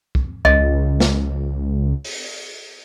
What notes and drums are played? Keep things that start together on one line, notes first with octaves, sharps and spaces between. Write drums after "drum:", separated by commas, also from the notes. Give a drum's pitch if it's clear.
drum: kick
C#2 D#5, drum: kick
drum: snare
drum: open hi-hat